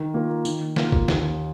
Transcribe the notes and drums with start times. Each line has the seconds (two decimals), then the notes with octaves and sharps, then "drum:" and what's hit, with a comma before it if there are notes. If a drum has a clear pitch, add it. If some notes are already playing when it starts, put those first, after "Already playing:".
Already playing: D#3
0.14 A#3 F4 A#4
0.45 D#3, drum: tambourine
0.76 A#3 F4 A#4, drum: snare
0.92 drum: kick
1.08 D#2, drum: snare